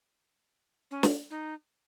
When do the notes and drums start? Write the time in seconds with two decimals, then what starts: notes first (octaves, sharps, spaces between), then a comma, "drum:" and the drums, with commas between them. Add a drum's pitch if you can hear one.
0.91 C#4
1.03 drum: snare
1.30 D#4